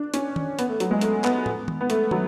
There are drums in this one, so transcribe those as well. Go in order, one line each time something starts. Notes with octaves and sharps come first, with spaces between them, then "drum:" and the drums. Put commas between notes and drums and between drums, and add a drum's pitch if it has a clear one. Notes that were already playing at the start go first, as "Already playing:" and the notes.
Already playing: D4
C#4, drum: hi-hat
drum: tom
B3, drum: hi-hat
A3
F#3, drum: hi-hat
G#3
A3, drum: hi-hat
B3, drum: clap
drum: tom
drum: tom
B3
A3, drum: hi-hat
F#3, drum: tom